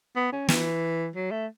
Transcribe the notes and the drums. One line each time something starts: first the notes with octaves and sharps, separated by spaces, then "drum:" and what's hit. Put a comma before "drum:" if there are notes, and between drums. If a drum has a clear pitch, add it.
B3
C#4
E3, drum: snare
F#3
A3